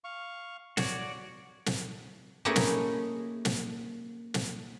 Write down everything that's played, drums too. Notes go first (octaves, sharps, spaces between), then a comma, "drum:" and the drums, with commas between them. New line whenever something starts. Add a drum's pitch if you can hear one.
F5 C#6
F#4 C#5 D5, drum: snare
drum: snare
A3 A#3 C#4 D#4 E4 G#4
drum: snare
drum: snare
drum: snare